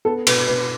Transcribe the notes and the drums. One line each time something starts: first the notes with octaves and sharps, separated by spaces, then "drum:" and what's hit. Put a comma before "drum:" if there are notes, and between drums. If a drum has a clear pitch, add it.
B3 A4
B2 B4, drum: cymbal
B2 B4